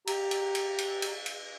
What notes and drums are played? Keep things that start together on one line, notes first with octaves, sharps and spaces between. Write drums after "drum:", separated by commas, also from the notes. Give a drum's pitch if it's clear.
G4 A#5, drum: cymbal
drum: cymbal
drum: cymbal
drum: cymbal
drum: cymbal
drum: cymbal